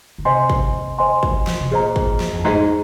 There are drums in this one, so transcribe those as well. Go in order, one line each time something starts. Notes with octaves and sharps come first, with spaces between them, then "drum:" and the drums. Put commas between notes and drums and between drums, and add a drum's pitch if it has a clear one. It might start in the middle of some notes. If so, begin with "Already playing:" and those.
D#3
C3 C5 D#5 G#5 C6
drum: kick
C5 D#5 G#5 C6
drum: kick
drum: snare
C3
A#2 G#4 C5 D#5 A#5
drum: kick
drum: snare
F2
G#2 G#4 C5 D#5 A#5